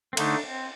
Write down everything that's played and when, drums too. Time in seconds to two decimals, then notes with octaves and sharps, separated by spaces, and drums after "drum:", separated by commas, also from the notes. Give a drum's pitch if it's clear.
0.13 C4
0.17 D3 A3 D4 D#4, drum: cymbal
0.44 C4